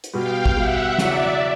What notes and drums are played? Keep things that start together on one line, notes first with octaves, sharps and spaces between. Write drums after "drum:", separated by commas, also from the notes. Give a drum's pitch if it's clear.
drum: hi-hat
B2 G3 B3 F5 G5
drum: kick
B2 G3 B3 E5 F#5
E2 C#3 F#3 D5 E5, drum: snare